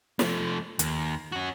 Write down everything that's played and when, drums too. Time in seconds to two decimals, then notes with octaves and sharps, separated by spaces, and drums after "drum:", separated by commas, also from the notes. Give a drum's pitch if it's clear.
0.19 F3 A3, drum: snare
0.79 D#2, drum: hi-hat
1.32 C#4 F#4